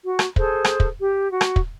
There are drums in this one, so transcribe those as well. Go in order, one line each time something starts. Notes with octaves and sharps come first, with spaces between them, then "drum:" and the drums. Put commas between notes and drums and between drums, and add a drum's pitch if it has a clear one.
F#4
drum: rim click
G#4 A4 C5, drum: kick
drum: rim click
drum: kick
G4
F#4
drum: rim click
drum: kick